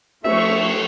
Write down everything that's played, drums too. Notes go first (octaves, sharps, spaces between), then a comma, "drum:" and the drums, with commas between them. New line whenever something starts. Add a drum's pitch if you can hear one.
F3 A3 E5 C#6, drum: cymbal